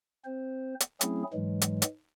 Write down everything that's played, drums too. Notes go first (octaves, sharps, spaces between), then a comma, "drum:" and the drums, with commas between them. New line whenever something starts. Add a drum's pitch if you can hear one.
C4 C5
drum: hi-hat
F#3 A3 C4 C#4 E4 G#4, drum: hi-hat
G#2 E3 F#3 G#3
drum: hi-hat
drum: hi-hat